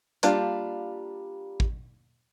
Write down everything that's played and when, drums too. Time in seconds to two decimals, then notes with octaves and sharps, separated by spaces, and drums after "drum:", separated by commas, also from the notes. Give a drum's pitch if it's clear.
0.23 G3 A#3 D4 F4 G4, drum: hi-hat
1.60 drum: kick